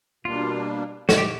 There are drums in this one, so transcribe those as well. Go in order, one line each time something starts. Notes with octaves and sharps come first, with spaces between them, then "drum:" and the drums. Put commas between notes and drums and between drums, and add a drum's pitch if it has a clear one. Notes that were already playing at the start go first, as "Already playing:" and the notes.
B2 G3 A#3 D4 F4
F#4, drum: snare
G4